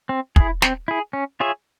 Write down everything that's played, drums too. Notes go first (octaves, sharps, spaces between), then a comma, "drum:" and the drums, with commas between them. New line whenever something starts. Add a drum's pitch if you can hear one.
C4
E4 G#4, drum: kick
C4, drum: snare
E4 G#4
C#4
F4 G#4 C#5 E5